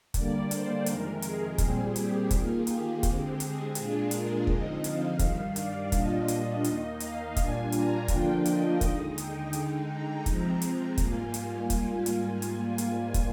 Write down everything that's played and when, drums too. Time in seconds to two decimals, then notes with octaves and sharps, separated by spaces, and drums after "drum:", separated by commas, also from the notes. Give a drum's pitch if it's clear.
0.14 D3 G3 A#3 D5, drum: kick, hi-hat
0.51 C5, drum: hi-hat
0.86 F2 C3 D#3 G#3 A#4, drum: hi-hat
1.22 G#4, drum: hi-hat
1.58 A#2 G3 C4 G#4, drum: kick, hi-hat
1.96 G4, drum: hi-hat
2.31 D#3 A#3 F4 G#4, drum: kick, hi-hat
2.67 G4, drum: hi-hat
3.03 D3 G#3 C4, drum: kick, hi-hat
3.40 G#4, drum: hi-hat
3.75 A#2 G#3 D4 F4, drum: hi-hat
4.11 A#4, drum: hi-hat
4.47 D3 F3 G#3 C4 D#4 D#5, drum: kick
4.84 F5, drum: hi-hat
5.19 G2 D#3 G3, drum: kick, hi-hat
5.56 D5, drum: hi-hat
5.92 A#2 G3 D4 F4 D#5, drum: kick, hi-hat
6.28 drum: hi-hat
6.64 D#2 D#3 A#3 D#4 D#5, drum: hi-hat
7.00 F5, drum: hi-hat
7.36 A#2 G3 D4 F4 G#5, drum: kick, hi-hat
7.72 A#5, drum: hi-hat
8.08 D3 F3 A#3 D4 F4 G5, drum: kick, hi-hat
8.46 D#5, drum: hi-hat
8.81 D#2 D3 G#3 D#4, drum: kick, hi-hat
9.18 G5, drum: hi-hat
9.53 D3 G#3 D#4, drum: hi-hat
9.90 A#5
10.26 C3 F3 G#3 C4, drum: kick, hi-hat
10.62 drum: hi-hat
10.98 G#2 G3 A#3 F4 G#5, drum: kick, hi-hat
11.34 drum: hi-hat
11.70 drum: kick, hi-hat
12.06 drum: hi-hat
12.42 drum: hi-hat
12.78 drum: hi-hat
13.14 drum: kick, hi-hat